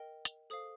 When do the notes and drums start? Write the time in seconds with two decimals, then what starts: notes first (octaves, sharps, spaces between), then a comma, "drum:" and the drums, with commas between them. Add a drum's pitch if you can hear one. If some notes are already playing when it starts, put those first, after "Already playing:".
Already playing: A#4 D#5 G5
0.25 drum: hi-hat
0.50 A4 C5 F5 D#6